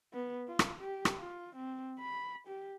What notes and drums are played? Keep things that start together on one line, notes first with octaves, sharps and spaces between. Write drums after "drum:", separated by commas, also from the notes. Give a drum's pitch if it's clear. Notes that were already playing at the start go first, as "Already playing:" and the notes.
B3
F4
drum: rim click
G4
drum: rim click
F4
C4
B5
G4